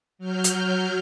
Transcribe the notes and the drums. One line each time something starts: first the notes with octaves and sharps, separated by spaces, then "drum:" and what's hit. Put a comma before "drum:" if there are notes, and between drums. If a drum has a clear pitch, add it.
F#3 F6 G6
drum: hi-hat